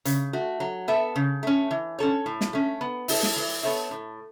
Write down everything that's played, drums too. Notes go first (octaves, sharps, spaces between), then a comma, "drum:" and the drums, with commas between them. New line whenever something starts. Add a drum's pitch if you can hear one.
C#3, drum: hi-hat
A3 F#4
F#3
B3 A4 E5
C#3
A3 C#4
E3
C#4 A4 C#5
A2
drum: snare
A3 C#4
B3
E4 A4, drum: open hi-hat
drum: snare
E3
B3 A4 C#5 E5
A2